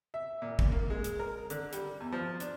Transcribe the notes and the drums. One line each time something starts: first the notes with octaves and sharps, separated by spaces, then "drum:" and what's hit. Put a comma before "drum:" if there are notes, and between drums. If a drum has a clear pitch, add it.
E5
A#2
drum: kick
A#3
G#3
drum: hi-hat
A#4
D3, drum: hi-hat
G3, drum: hi-hat
E2
F3
D4, drum: hi-hat